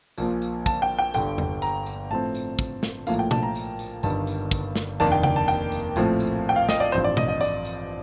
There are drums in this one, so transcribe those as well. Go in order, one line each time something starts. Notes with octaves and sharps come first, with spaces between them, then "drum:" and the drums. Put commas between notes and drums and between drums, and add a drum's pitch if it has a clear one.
A#1 A#2 F3, drum: tambourine
drum: tambourine
A5, drum: kick, tambourine
G5
G5
G1 G2 D3 G5, drum: tambourine
drum: tom E2
A#5, drum: tambourine
drum: tambourine
A2 F3 C4 A5
drum: tambourine
drum: kick, tambourine
drum: snare
A#1 A2 F3 A#3 F5, drum: tambourine
G5
A5, drum: tom B2
A#5
drum: tambourine
drum: tambourine
G1 G2 D#3 A5, drum: tambourine
drum: tambourine
drum: kick, tambourine
drum: snare
F1 D#2 D#3 A#3 D4 A5, drum: tambourine
G5
G5, drum: tom C#3
A5
G5, drum: tambourine
drum: tambourine
A#1 A2 F3 C4, drum: tambourine
drum: tambourine
G5
F5
D#5, drum: snare
D5
A1 G2 F3 C4 C5, drum: tambourine
D5
D#5, drum: tom B2
D#5
D5, drum: tambourine
drum: tambourine